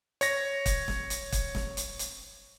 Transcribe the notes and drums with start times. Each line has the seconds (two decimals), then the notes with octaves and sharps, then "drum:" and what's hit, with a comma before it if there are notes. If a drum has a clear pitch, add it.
0.21 C#5 A#6, drum: hi-hat
0.66 drum: kick, hi-hat
0.88 drum: snare
1.10 drum: hi-hat
1.32 drum: kick, hi-hat
1.55 drum: snare
1.77 drum: hi-hat
1.99 drum: hi-hat